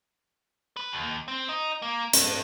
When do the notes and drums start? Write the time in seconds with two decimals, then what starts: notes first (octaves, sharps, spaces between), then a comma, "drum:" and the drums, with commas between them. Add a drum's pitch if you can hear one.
0.77 B4
0.92 D#2
1.28 C4
1.49 D#4
1.82 A#3
2.13 G2, drum: hi-hat